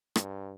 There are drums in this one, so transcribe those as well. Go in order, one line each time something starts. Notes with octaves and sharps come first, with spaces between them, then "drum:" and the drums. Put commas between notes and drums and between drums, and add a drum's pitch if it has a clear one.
G2, drum: rim click